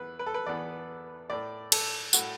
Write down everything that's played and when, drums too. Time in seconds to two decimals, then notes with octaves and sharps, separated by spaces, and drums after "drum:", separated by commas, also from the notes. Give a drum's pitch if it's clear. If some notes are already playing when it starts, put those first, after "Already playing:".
Already playing: E2 E3 B3 B4
0.19 B4
0.26 A4
0.34 B4
0.46 E2 E3 B3 D5
1.30 A2 A3 D5
1.72 A4, drum: cymbal
2.13 A2 A3 F#4, drum: tambourine